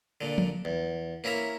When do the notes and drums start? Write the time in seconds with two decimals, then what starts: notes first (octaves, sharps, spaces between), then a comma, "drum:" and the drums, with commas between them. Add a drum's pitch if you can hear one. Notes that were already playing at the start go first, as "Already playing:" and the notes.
0.21 A#2 D3
0.38 drum: tom F3
0.65 E2
1.24 A#3 C#4 E4 A#4 E5